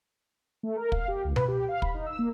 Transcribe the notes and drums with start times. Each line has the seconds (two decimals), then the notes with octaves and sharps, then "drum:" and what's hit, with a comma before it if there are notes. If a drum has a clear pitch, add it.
0.63 A3
0.77 A#4
0.92 F5, drum: kick
1.08 G4
1.25 C#2
1.36 B4, drum: tom B2
1.48 G4
1.69 F5
1.82 B5, drum: kick
1.94 D#4
2.06 E6
2.19 A#3